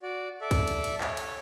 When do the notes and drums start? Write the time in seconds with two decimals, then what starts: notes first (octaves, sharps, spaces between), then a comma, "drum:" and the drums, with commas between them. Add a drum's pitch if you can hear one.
0.03 F#4 D5
0.41 A4 D5 E5
0.51 drum: kick, cymbal
0.68 drum: cymbal
0.84 drum: cymbal
1.01 C#5, drum: clap
1.17 drum: cymbal